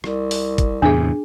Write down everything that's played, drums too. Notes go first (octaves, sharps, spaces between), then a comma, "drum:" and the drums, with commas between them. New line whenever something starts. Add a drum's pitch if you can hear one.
C2, drum: rim click
drum: open hi-hat
drum: kick, hi-hat
E2 A2 C3 D4 G#4